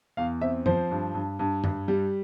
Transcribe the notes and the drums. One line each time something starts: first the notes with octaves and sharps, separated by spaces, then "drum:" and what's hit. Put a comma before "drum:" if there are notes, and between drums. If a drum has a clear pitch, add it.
E2 F5
C4 E5
F3 C5, drum: tom
G2
G2
G2
G2, drum: tom
G3